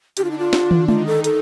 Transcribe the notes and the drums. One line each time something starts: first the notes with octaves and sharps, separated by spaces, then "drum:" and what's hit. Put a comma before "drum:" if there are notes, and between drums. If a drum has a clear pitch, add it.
D3 D4 G4, drum: hi-hat
F4
D#4
F4
drum: snare
drum: tom
D#3 D#4 F4, drum: tom G#3
A4
A4, drum: hi-hat